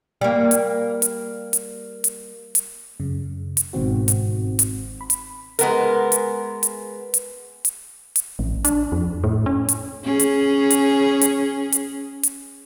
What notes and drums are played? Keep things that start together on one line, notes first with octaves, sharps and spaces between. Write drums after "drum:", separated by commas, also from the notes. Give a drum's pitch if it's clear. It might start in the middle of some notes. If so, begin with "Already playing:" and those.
G3 A#3
drum: hi-hat
drum: hi-hat
drum: hi-hat
drum: hi-hat
drum: hi-hat
F#2 C#3
drum: hi-hat
G1 G#2 B2 D#3 C4 F#4
drum: hi-hat
drum: hi-hat
B5
drum: hi-hat
G#3 B3 A#4, drum: hi-hat
drum: hi-hat
drum: hi-hat
drum: hi-hat
drum: hi-hat
drum: hi-hat
A1
D4, drum: hi-hat
F2
A2
C#4
drum: hi-hat
C#4 G#4
drum: hi-hat
drum: hi-hat
drum: hi-hat
drum: hi-hat
drum: hi-hat